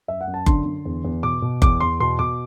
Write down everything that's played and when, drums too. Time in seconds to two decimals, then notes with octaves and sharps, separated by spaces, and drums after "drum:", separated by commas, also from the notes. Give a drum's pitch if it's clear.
0.08 F#2 E5
0.21 F#5
0.27 F#2
0.34 A5
0.46 D3 C6, drum: kick F#1
0.66 D3
0.85 E2
1.05 E2
1.23 B2 D6
1.42 B2
1.62 E2 D6, drum: kick F#1
1.80 E2 C6
2.00 B2 C6
2.19 B2 D6